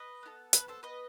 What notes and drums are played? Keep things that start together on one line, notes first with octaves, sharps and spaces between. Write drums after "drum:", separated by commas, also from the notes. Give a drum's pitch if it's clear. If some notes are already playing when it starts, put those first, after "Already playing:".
Already playing: B4 D#5
B3 E4 A4
B4, drum: hi-hat
A4 C5
B4 D#5